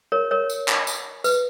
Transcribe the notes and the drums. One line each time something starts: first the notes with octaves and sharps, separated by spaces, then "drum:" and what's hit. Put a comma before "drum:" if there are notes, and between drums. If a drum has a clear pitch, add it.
A#4 C#5
A#4 C#5
drum: tambourine
drum: clap
drum: tambourine
B4, drum: tambourine